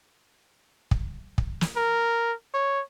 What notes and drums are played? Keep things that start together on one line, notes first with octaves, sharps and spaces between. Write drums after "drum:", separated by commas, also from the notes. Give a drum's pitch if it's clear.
drum: kick
drum: kick
drum: snare
A#4
C#5